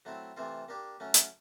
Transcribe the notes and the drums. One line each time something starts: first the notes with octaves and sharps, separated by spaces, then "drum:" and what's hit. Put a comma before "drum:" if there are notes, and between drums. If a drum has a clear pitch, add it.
F#3 A3 C4 E4
C3 E3 A3 C4 F4
A#3 D4 G4
F#3 A3 C#4
drum: hi-hat